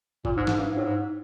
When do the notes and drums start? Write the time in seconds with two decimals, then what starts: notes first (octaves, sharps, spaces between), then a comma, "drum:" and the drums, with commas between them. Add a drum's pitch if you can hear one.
0.25 A#2, drum: kick
0.37 G#2
0.47 G#2, drum: snare
0.59 G2
0.70 G#2
0.78 A2
0.84 G#2